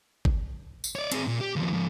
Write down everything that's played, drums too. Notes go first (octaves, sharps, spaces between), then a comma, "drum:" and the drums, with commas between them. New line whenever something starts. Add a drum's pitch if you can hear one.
drum: kick
drum: tambourine
C#5 D5
C4 G#4, drum: cymbal
A#2
G4
D#2 F3
G#2 F3